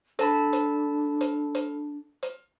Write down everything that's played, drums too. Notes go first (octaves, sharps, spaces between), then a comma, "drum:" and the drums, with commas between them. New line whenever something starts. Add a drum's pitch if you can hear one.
D4 A4 A5 B5, drum: hi-hat
drum: hi-hat
drum: hi-hat
drum: hi-hat
drum: hi-hat